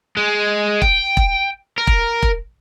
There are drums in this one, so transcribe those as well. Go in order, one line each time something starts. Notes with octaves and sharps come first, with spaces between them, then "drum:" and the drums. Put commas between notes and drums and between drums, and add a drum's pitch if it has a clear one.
G#3
G5, drum: kick E1
drum: kick E1
A#4
drum: kick E1
drum: kick E1